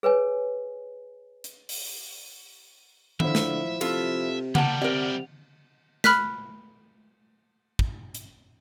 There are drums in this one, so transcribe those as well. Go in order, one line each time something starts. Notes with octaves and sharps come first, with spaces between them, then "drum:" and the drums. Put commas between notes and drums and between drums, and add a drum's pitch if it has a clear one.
G#4 B4 C#5 G#5
drum: hi-hat
drum: open hi-hat
D3 F3 E4 E5, drum: tom D#3
drum: snare
C3 F4 A4, drum: cymbal
F3 G3 A#3 F#5 A5, drum: tom C#3
C3 A#4 D5
B5 F6 F#6 B6, drum: snare
drum: kick
drum: hi-hat